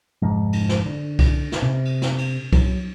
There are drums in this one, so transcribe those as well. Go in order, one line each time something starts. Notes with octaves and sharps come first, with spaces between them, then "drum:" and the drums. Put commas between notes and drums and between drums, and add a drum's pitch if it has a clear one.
F1 G#2 F3 G#3
drum: cymbal
drum: snare
D3
drum: kick C2, cymbal
drum: snare
C3
drum: cymbal
drum: snare
drum: cymbal
F#3, drum: kick C2, cymbal